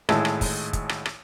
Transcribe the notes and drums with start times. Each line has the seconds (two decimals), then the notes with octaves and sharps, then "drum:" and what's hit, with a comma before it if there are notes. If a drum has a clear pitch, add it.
0.09 G#1 A2 G#3 E5 A5 E6, drum: rim click
0.25 drum: rim click
0.41 drum: kick, open hi-hat
0.73 drum: kick, hi-hat
0.89 drum: rim click
1.06 drum: rim click